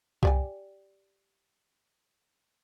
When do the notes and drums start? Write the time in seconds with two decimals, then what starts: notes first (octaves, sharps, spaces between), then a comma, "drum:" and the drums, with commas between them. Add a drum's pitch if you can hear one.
0.23 G4 D5 G#5, drum: kick C2